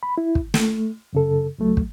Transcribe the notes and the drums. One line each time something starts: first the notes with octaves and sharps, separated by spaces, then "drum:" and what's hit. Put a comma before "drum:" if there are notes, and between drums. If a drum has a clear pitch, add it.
B5
E4
drum: kick
A3, drum: snare
F#2 C#3 A4
C#2 F#3 A3
drum: kick